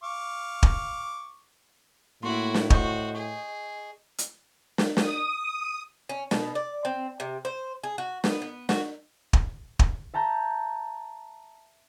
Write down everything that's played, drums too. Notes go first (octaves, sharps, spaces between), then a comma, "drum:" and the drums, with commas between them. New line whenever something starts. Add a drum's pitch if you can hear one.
F5 C#6 D6
drum: kick
A2 A#3 E4 F#4 C6
drum: snare
F#4 C5 D#5 C#6 G6, drum: kick
G#4
drum: hi-hat
drum: snare
D#6, drum: snare
C#4
B2, drum: snare
D5
C4
C3
C5
G#4
F#4
B3, drum: snare
B3
F#4, drum: snare
drum: kick
drum: kick
E5 A5 A#5 G6